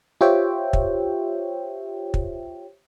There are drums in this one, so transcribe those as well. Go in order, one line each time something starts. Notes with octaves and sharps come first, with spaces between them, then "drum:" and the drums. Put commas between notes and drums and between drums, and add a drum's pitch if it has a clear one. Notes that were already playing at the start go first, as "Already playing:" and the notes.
F4 G4 C5 C#5 E5 G5
drum: kick
drum: kick